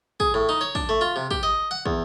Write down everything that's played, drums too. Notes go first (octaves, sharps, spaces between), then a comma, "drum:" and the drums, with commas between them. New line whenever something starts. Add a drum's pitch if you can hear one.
G#4, drum: kick
A2
D#4
C#5
D4, drum: kick
A3
F4
C3
G4, drum: kick
D#5
F#5
E2, drum: kick